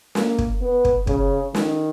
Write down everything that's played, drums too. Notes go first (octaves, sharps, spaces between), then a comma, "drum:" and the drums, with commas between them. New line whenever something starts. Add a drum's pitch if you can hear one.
A#3, drum: snare
drum: kick
B3
drum: kick
C#3, drum: kick
D#3, drum: snare